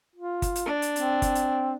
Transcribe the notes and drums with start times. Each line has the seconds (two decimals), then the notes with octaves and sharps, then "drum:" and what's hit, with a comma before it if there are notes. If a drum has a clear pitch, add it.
0.16 F4
0.42 drum: kick G1, hi-hat
0.55 drum: hi-hat
0.66 D4
0.82 drum: hi-hat
0.96 C4, drum: hi-hat
1.22 drum: kick G1, hi-hat
1.35 drum: hi-hat